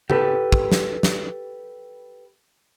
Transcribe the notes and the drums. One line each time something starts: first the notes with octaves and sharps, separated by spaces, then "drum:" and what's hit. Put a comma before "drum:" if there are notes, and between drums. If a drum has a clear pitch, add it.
G4 A4 B4, drum: tom C#3
drum: kick
drum: snare
drum: snare